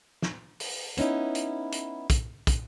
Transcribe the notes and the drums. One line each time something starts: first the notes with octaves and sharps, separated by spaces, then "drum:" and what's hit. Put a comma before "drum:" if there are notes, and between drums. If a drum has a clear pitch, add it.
drum: snare
drum: open hi-hat
B3 C#4 D#4 E4, drum: hi-hat
drum: hi-hat
drum: hi-hat
drum: kick, hi-hat
drum: kick, hi-hat